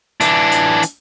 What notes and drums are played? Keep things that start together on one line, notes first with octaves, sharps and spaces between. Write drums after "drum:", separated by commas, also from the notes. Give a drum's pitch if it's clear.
E3 D4, drum: hi-hat
drum: hi-hat
drum: hi-hat